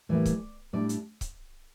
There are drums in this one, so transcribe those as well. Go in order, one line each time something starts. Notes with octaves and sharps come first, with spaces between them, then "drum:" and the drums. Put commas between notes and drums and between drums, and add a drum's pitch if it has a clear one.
A2 E3 G3 A#3 D5
drum: kick C#1, hi-hat
A2 G3 D4 D5
drum: hi-hat
drum: kick C#1, hi-hat